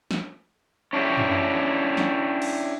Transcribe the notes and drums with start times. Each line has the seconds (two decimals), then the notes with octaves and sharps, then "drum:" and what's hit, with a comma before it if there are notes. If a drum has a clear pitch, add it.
0.11 drum: snare
0.93 C#4 D4 E4 F#4 G4
1.17 drum: tom F#2
1.97 drum: snare
2.42 drum: cymbal